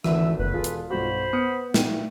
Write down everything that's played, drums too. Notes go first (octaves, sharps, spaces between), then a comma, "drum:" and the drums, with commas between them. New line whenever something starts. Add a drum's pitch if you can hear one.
G#1 D2 D#3 E3 D4 E5, drum: rim click
F#1 B4
E1 F4 G#4 A4
drum: hi-hat
B1 G2 F#4 C5 B5
B3 D#6 F6 C#7
A#2 A3 G5 D#7, drum: snare